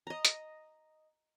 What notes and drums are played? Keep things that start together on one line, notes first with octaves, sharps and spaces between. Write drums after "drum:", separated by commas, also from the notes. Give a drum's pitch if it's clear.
D#5 A#5
drum: hi-hat